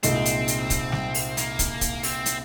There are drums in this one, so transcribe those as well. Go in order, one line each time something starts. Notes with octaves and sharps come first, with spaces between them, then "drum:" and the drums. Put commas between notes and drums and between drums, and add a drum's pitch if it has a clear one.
C2 A#2 G#3 C4 D#4, drum: hi-hat
drum: hi-hat
drum: hi-hat
drum: kick, hi-hat
drum: snare
drum: open hi-hat
A#3, drum: hi-hat
drum: kick, hi-hat
drum: kick, hi-hat
C4, drum: open hi-hat
drum: hi-hat